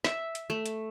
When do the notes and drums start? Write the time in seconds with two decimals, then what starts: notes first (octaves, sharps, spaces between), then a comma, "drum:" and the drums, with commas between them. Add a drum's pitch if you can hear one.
0.04 E5, drum: snare
0.35 drum: hi-hat
0.50 A3
0.66 drum: hi-hat